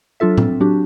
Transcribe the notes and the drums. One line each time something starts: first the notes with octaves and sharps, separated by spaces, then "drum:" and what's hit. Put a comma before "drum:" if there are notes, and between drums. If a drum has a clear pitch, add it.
F#3 D4 F4 A4 E5
C4, drum: tom A2
F#3 D4 F#4 G4